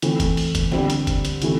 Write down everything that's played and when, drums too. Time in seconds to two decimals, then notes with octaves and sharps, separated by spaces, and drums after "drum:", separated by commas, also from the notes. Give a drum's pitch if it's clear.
0.02 E3 A3 C4, drum: hi-hat
0.20 drum: kick, hi-hat
0.37 drum: open hi-hat
0.55 drum: kick, hi-hat
0.72 D3 G3 C4, drum: snare
0.90 drum: hi-hat
1.07 drum: kick, hi-hat
1.25 drum: hi-hat
1.42 C3 E3 A3, drum: hi-hat